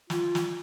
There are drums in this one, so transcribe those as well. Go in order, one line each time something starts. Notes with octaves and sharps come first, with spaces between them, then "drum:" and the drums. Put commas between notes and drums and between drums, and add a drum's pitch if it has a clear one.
F4, drum: snare
drum: snare